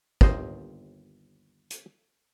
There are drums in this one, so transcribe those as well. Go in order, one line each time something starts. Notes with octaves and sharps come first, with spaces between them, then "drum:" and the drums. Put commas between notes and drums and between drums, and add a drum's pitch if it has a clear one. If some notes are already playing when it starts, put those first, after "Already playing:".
G1 D#2 C5 D#5, drum: kick
drum: hi-hat